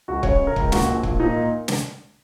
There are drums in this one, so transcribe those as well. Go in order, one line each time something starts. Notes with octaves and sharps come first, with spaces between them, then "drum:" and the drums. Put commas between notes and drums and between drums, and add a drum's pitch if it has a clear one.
C#2 F#4
C#3 C#5, drum: kick C#1
C#3
A#4
C#2, drum: kick C#1
A#2 F#4, drum: snare
A#1
A#2, drum: kick C#1
A#2 D#4
A#2
drum: snare